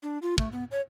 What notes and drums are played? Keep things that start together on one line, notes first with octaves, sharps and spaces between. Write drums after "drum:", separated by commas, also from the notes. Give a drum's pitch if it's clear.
D4
F4
A3, drum: kick
B3
C#5